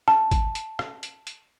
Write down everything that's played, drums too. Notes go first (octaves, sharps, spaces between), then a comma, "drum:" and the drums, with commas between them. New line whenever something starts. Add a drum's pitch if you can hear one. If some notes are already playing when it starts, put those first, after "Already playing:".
A5, drum: rim click
drum: kick G#1, hi-hat
drum: hi-hat
drum: rim click
drum: hi-hat
drum: hi-hat